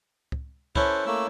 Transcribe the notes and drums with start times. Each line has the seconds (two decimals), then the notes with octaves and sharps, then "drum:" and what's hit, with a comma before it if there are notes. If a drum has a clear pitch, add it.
0.32 drum: kick
0.76 C#4 E4 A4 B4 C5, drum: kick
1.06 A3 A#3 E6